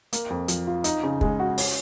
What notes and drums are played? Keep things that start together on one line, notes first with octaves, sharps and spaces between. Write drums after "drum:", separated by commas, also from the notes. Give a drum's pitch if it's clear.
A#3, drum: hi-hat
F2
F3, drum: hi-hat
F4
D#4, drum: hi-hat
C#3
G#3, drum: kick
F#4
C#4, drum: open hi-hat